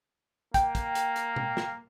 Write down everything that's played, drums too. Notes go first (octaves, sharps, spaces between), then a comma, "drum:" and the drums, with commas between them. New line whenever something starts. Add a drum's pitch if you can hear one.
A#3 G5, drum: kick, hi-hat
drum: kick, hi-hat
drum: hi-hat
drum: hi-hat
drum: tom B2
drum: snare